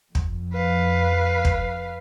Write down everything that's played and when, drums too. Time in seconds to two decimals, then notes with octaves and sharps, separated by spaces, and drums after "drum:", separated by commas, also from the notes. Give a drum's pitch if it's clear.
0.15 F2, drum: kick
0.53 B4 F5
1.45 drum: kick